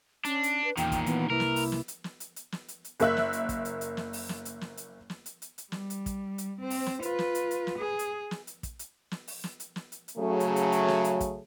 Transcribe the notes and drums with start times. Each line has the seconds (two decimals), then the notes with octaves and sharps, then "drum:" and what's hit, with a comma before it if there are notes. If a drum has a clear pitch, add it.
0.25 C#4 D4, drum: hi-hat
0.43 drum: hi-hat
0.64 B4
0.77 E2 A#2 D#3 G5, drum: hi-hat
0.92 drum: kick, hi-hat
1.06 E3 B3, drum: hi-hat
1.30 C2 A#3 E4 A#4 B4
1.40 drum: snare
1.56 drum: open hi-hat
1.72 drum: snare
1.88 drum: hi-hat
2.04 drum: snare
2.20 drum: hi-hat
2.36 drum: hi-hat
2.52 drum: snare
2.68 drum: hi-hat
2.85 drum: hi-hat
3.00 F#1 A#3 E5 F#6, drum: hi-hat
3.17 drum: snare
3.33 drum: hi-hat
3.49 drum: kick, hi-hat
3.65 drum: hi-hat
3.81 drum: hi-hat
3.97 drum: snare
4.13 drum: open hi-hat
4.29 drum: snare
4.45 drum: hi-hat
4.61 drum: snare
4.77 drum: hi-hat
5.10 drum: snare
5.26 drum: hi-hat
5.42 drum: hi-hat
5.58 drum: hi-hat
5.72 G3, drum: snare
5.90 drum: hi-hat
6.06 drum: kick, hi-hat
6.38 drum: hi-hat
6.61 C4 C5
6.70 drum: open hi-hat
6.86 drum: snare
7.02 F4 B4, drum: hi-hat
7.19 drum: snare
7.35 drum: hi-hat
7.51 drum: hi-hat
7.67 drum: snare
7.79 G#4
7.99 drum: hi-hat
8.31 drum: snare
8.47 drum: hi-hat
8.63 drum: kick, hi-hat
8.79 drum: hi-hat
9.11 drum: snare
9.28 drum: open hi-hat
9.44 drum: snare
9.60 drum: hi-hat
9.76 drum: snare
9.92 drum: hi-hat
10.08 drum: hi-hat
10.17 C#3 F#3 A3
10.40 drum: hi-hat
10.56 drum: hi-hat
10.72 drum: hi-hat
10.88 drum: snare
11.04 drum: hi-hat
11.20 drum: kick, hi-hat